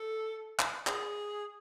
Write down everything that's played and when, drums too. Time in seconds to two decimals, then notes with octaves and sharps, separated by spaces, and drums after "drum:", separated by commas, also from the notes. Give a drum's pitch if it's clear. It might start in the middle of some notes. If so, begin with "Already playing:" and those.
Already playing: A4
0.59 drum: clap
0.87 G#4, drum: clap